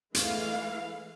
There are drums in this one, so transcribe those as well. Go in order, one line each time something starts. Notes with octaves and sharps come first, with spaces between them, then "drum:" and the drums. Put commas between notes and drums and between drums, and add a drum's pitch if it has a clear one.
E3 G#3 A3 F5, drum: hi-hat